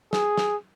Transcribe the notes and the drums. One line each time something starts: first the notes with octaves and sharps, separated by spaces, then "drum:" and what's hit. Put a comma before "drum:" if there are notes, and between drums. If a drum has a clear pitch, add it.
G#4, drum: snare
drum: snare